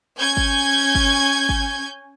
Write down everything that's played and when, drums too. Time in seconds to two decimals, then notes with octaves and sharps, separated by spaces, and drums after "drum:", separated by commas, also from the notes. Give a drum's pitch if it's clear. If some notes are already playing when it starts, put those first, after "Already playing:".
0.18 C#4 G#5 G6 G#6
0.37 drum: kick G1
0.95 drum: kick G1
1.49 drum: kick G1